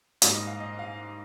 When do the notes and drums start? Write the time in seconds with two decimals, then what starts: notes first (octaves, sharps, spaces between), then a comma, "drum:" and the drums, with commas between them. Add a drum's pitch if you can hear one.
0.22 G#2 G3 A#3, drum: hi-hat
0.34 D#5
0.47 F5
0.60 D#5
0.79 F5